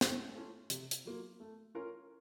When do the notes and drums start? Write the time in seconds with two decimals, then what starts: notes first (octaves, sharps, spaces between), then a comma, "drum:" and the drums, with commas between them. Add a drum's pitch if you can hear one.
0.01 A2, drum: snare
0.35 A3 C#4 F4
0.70 C3, drum: hi-hat
0.91 drum: hi-hat
1.05 F#3 A#3 F4
1.40 A3
1.75 C#4 F4 A#4